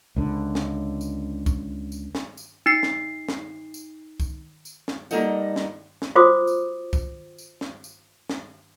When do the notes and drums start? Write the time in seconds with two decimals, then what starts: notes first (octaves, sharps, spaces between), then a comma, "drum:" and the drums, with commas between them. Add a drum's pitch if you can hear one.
0.16 C#2 D3
0.55 drum: snare
1.01 drum: tambourine
1.46 drum: kick, tambourine
1.92 drum: tambourine
2.15 drum: snare
2.37 drum: tambourine
2.66 D#4 C7
2.83 drum: snare
3.29 drum: snare
3.74 drum: tambourine
4.20 drum: kick, tambourine
4.65 drum: tambourine
4.88 drum: snare
5.11 G3 A#3 D#4 A4 D#5 F#5, drum: tambourine
5.56 drum: snare
6.02 drum: snare
6.15 F4 F#4 C5 D6 D#6
6.47 drum: tambourine
6.93 drum: kick, tambourine
7.38 drum: tambourine
7.61 drum: snare
7.84 drum: tambourine
8.29 drum: snare